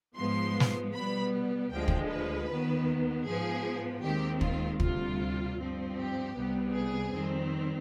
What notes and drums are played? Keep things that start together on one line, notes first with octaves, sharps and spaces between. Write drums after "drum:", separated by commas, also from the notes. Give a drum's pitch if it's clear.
G#2 F3 G#3 B3 C6
drum: snare
B2 G3 B3 B5
D2 D3 F3 G#3 G5
drum: kick
B4
D#2 D#3 B3
G#2 F3 B3 G#4
D#2 D#3 G#3 C4 G4
F4, drum: kick
D2 C3 G3 F4, drum: kick
G2 F3 C4
G4
C2 C3 G3 B3
G#4
F2 D#3 G3 C4